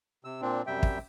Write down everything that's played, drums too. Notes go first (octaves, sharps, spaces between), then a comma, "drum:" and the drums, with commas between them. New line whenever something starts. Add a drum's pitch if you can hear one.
C3 E6
A#2 C4 D4
F#2 C3 G3 E5 G5
drum: kick